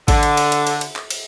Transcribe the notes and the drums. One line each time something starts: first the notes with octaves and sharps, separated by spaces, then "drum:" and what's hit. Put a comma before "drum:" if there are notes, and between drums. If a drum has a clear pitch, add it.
D3, drum: kick A1, cymbal
drum: cymbal
drum: cymbal
drum: cymbal
drum: cymbal
drum: cymbal
drum: clap
drum: cymbal